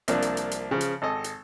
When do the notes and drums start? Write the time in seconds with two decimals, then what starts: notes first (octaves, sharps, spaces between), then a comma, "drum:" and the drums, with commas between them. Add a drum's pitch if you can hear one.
0.08 C2 F3 A#3 D4, drum: hi-hat
0.22 drum: hi-hat
0.37 drum: hi-hat
0.51 drum: hi-hat
0.71 C#3 F3
0.81 drum: hi-hat
1.02 G#1 A4 D#5
1.24 drum: hi-hat